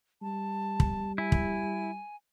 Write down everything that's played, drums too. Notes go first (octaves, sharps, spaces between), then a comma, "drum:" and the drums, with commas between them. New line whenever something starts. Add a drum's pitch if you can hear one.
G3 A5
drum: kick
E4 G#5
drum: kick